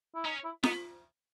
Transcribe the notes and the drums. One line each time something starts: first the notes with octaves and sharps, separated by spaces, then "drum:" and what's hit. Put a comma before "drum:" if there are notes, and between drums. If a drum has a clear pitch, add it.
E4
C#4 D#4
E4
B3 D#4, drum: snare F4